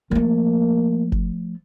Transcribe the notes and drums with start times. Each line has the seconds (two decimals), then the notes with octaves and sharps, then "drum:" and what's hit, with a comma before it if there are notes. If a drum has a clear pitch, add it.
0.11 F3 A3 A#3
1.12 drum: kick F#1